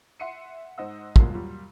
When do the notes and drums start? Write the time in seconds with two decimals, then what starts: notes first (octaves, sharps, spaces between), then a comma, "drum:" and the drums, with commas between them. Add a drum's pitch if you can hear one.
0.20 E5 F#5 C6 C7 C#7 D#7
0.78 G#2 C5 D#5 F#5 E6
1.16 G2 A#2 F#3 G#3 A#3, drum: kick
1.33 A#2 F#3 G3